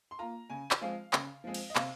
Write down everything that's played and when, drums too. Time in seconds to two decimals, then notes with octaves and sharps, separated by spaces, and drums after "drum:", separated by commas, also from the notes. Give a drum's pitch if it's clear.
0.11 C6
0.19 A#3 F4 A#5
0.50 C#3 G#5
0.71 drum: clap
0.81 F3 G#3 C4 F5
1.13 C#3, drum: clap
1.44 F3 G#3 C4
1.54 drum: cymbal
1.70 D#5
1.76 C3 F5, drum: clap